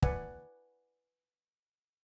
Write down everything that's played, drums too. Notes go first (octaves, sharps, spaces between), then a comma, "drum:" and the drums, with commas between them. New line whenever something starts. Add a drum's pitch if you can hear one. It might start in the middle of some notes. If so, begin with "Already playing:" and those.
B4 D5 F#5 G#5, drum: kick